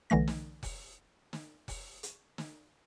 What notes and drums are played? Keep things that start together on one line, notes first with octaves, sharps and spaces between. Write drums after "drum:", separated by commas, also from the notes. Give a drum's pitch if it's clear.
B1 D3 E3 A3 A#6
drum: snare
drum: kick F1, open hi-hat
drum: snare
drum: kick F1, open hi-hat
drum: hi-hat
drum: snare